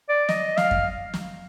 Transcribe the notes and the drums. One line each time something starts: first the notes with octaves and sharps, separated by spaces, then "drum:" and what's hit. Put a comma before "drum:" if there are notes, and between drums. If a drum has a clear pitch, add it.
D5
D#5, drum: snare
F5, drum: snare
drum: kick F#2
drum: snare